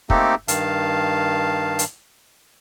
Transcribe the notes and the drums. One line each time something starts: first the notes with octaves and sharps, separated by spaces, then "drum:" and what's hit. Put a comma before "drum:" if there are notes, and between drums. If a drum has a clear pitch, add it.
A3 A#3 C4 D#4 G4 A4, drum: kick
G2 D#3 F5 A5, drum: hi-hat
drum: hi-hat